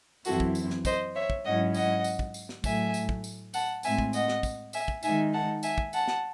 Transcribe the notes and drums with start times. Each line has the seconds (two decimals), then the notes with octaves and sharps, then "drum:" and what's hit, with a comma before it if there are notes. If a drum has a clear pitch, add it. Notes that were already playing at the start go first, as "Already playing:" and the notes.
0.25 F#2 E3 C4 E4 F#4 A4, drum: tambourine
0.40 drum: kick
0.55 drum: tambourine
0.70 drum: snare
0.85 C5 D#5, drum: kick, tambourine
1.15 C#5 E5
1.30 drum: kick
1.45 G#2 F#3 C#4 E4 D#5 F#5
1.74 D#5 F#5, drum: tambourine
2.04 drum: tambourine
2.19 drum: kick
2.34 drum: tambourine
2.49 drum: snare
2.64 A2 F#3 A3 E5 G#5, drum: kick, tambourine
2.94 drum: tambourine
3.09 drum: kick
3.24 drum: tambourine
3.54 F#5 A5, drum: tambourine
3.83 A2 G#3 C4 E5 G#5, drum: tambourine
3.98 drum: kick
4.13 D#5 F#5, drum: tambourine
4.28 drum: snare
4.43 drum: kick, tambourine
4.73 E5 G#5, drum: tambourine
4.88 drum: kick
5.03 D#3 G#3 D#4 E5 G#5, drum: tambourine
5.33 F#5 A5
5.63 E5 G#5, drum: tambourine
5.78 drum: kick
5.93 F#5 A5, drum: tambourine
6.08 drum: snare